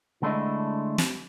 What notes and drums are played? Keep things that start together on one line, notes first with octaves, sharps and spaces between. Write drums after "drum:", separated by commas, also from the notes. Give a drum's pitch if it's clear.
D3 G#3 A3 D4 E4 D#5
drum: snare